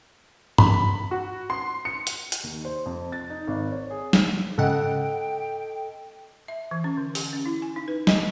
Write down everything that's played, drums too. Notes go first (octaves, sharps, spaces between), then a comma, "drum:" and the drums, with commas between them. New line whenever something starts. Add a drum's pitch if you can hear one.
B5, drum: tom G2
F#4
C6
C#7
drum: hi-hat
drum: hi-hat
D#2
C5
F2
A6
D#4
G#1
C#5
G#4
drum: snare
G#2 C#3 A4 D#5 F#5 G5
E5
E3
C#4
D3
G4, drum: open hi-hat
C#4
E4
G#5
D#4
B4
D#5, drum: snare